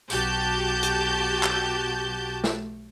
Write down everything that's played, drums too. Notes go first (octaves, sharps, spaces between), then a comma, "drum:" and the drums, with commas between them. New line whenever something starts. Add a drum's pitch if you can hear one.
B1 F#4 G4 A5 G6, drum: tambourine
drum: hi-hat
drum: clap
drum: snare